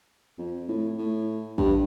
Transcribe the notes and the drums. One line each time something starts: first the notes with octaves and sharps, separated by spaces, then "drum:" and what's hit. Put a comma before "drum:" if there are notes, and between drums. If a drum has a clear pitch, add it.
F2
A2
A2
G2, drum: kick